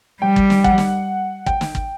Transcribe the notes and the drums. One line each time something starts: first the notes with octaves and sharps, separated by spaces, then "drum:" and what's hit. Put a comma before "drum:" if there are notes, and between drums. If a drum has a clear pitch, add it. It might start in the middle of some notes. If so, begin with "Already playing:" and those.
G3 G5
drum: kick
drum: snare
F#5, drum: kick
drum: snare
G5, drum: kick
drum: snare
drum: kick